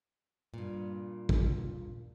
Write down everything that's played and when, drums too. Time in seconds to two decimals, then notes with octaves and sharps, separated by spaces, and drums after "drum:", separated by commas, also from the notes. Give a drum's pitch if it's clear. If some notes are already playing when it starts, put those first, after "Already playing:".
0.54 G2 A#2
1.29 drum: kick